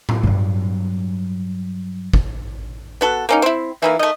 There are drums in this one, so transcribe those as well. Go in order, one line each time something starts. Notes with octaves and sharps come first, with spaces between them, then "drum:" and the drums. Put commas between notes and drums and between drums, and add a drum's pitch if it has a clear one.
drum: tom A2
G2 F#3
drum: kick
B3 F#4 A4
A#3 C#4 D#4
C4 E4
E3 A#3 D#4 E4
D#3 A3 D#5